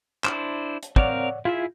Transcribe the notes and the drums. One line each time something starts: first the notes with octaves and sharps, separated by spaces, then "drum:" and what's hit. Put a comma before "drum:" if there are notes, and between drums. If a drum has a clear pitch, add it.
D4 E4 C5, drum: clap
drum: hi-hat
C4 A#4 C#5 D5 F5 F#5, drum: kick
E4 F4 G#4 E5